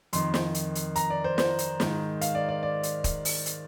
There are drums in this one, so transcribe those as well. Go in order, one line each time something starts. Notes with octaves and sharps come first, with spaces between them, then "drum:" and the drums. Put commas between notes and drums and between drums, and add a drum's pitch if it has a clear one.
F2 D#3 C6, drum: hi-hat
drum: snare
drum: hi-hat
drum: hi-hat
A#5, drum: hi-hat
D5
C5
C5, drum: snare
drum: hi-hat
G#2 D#3, drum: snare
F5, drum: hi-hat
D5
D5
D5
drum: hi-hat
drum: kick, hi-hat
drum: open hi-hat
drum: hi-hat